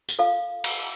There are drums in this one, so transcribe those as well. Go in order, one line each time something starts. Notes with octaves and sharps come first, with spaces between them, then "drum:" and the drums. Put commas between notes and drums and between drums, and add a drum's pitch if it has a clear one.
drum: tambourine
A4 F5
drum: cymbal